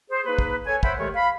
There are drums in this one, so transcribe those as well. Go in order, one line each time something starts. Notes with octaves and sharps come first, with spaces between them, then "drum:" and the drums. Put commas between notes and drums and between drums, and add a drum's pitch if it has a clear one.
G#4 C5
A#3 D#4 G#4 B4
drum: kick
A4 C#5 G#5
C5 C#5 E5 F#5 G5 B5, drum: kick
D#3 G#3 A3 G4 A4 C#5
F5 B5